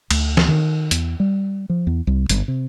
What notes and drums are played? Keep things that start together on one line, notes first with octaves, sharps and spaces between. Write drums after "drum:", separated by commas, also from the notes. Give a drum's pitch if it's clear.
D2, drum: cymbal
drum: snare
D#3
E2, drum: hi-hat
G3
F3
E2
C2
G1, drum: hi-hat
C3